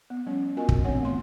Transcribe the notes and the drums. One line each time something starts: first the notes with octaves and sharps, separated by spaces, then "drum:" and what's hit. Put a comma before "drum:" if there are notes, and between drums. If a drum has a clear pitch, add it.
B3
F3 G3 C#4 C#5
B3 F4 F#4 A#4 D#5 G#5
drum: kick
E3 A3 C4 D4 C#5 F#5
A3 B3 C6